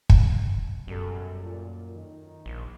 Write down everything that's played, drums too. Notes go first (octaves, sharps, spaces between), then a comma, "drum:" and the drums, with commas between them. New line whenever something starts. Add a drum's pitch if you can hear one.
drum: kick
F#2 B2 G3 A4
A#2
D#3
A#1